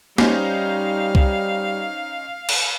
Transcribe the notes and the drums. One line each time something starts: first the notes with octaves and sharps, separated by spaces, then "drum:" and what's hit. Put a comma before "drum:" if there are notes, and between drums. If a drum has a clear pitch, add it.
G3 C#4 D#4 C5 F5, drum: snare A#3
drum: kick C2
drum: cymbal